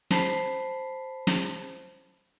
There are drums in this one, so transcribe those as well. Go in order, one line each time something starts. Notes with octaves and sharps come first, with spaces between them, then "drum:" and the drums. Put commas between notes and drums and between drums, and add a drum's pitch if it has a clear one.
C5 A5 B5 B6 C7, drum: snare
drum: snare